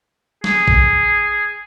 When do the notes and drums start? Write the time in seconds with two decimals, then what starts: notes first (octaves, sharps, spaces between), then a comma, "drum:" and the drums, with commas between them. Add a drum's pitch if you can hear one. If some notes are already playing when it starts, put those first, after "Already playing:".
0.44 G#4, drum: snare
0.68 drum: kick A1